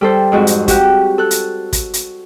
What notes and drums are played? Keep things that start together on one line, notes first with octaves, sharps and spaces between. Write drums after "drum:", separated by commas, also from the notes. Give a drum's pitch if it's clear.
G3 A4 C5
F2 G#2 F#4
drum: hi-hat
F#4 G4 F#6, drum: kick, hi-hat
A4 F#6
drum: hi-hat
drum: kick, hi-hat
drum: hi-hat